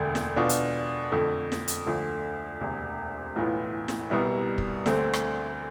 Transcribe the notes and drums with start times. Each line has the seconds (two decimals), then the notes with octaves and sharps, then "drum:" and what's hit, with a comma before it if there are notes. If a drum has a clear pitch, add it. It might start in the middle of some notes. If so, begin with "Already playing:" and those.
Already playing: E1 D2 D3
0.15 drum: snare
0.36 B2 B3 D4 F4
0.49 drum: hi-hat
1.11 F2 D3 A3
1.52 drum: snare
1.68 drum: hi-hat
1.86 D2 D3 F3
2.61 E1 D2 C3
3.36 B1 A2 E3 B3 F4
3.88 drum: snare
4.10 C2 B2 G3 B3 E4
4.58 drum: kick
4.86 D2 D3 A3 C4, drum: snare
5.13 drum: rim click